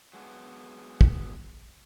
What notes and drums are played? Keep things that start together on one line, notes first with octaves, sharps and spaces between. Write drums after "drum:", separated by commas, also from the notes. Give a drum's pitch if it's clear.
F#3 G#3 B3 D4
drum: kick